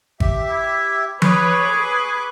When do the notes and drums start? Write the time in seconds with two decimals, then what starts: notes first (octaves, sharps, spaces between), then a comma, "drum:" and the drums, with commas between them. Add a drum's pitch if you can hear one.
0.20 G4 E5, drum: kick G#1
0.50 E4
1.22 G#4 B4 C#5 C#6 D6, drum: tom F3
1.76 B4